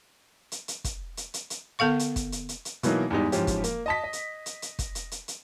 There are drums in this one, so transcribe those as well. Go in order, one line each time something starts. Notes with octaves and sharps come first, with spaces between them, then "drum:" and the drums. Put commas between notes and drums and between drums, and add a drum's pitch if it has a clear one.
drum: hi-hat
drum: hi-hat
drum: kick, hi-hat
drum: hi-hat
drum: hi-hat
drum: hi-hat
D3 B3 A4 F5 C#6
drum: hi-hat
drum: kick, hi-hat
drum: hi-hat
drum: hi-hat
drum: hi-hat
B2 D#3 E3 F#3 A#3 D#4, drum: hi-hat
E2 G#2 G3 D#4
G#2 E3 F3 C#4 G4, drum: hi-hat
drum: kick, hi-hat
A#3, drum: hi-hat
D#5 A5 B6
D#5
drum: hi-hat
drum: hi-hat
drum: hi-hat
drum: kick, hi-hat
drum: hi-hat
drum: hi-hat
drum: hi-hat